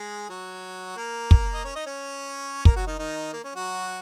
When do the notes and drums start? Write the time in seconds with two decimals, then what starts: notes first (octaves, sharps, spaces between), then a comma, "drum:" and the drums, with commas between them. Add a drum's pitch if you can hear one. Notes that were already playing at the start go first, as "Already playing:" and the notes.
Already playing: G#3 G#4
0.29 F#3 F#4
0.97 A#3 A#4
1.31 drum: kick
1.54 D#5
1.65 C#4 C#5
1.76 D#4 D#5
1.86 C#4 C#5
2.65 A#3 A#4, drum: kick
2.76 F#3 F#4
2.87 D#3 D#4
2.99 D#3 D#4
3.33 A#3
3.44 C#4
3.55 F#3 F#4